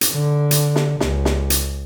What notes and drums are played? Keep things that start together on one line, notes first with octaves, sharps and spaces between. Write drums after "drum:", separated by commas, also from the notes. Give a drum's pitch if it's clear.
drum: hi-hat
D3
drum: hi-hat
drum: snare
C#2, drum: snare
drum: snare
drum: hi-hat